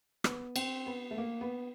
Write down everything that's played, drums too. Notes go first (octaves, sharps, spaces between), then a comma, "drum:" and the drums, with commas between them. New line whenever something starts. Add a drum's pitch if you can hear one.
B3, drum: rim click
C4, drum: cymbal
B3
A3
A#3
B3